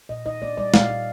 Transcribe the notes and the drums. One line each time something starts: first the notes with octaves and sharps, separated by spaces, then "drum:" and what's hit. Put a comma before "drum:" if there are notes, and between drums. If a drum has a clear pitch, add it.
A#2 D#5
D#4 D#5
A#3 D5
G3 D5
A#2 F5, drum: snare
D#4